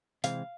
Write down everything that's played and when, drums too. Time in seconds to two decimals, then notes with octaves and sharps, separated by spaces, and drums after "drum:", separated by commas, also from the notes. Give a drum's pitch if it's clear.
0.24 C3 E3 G#3 C4 F5, drum: hi-hat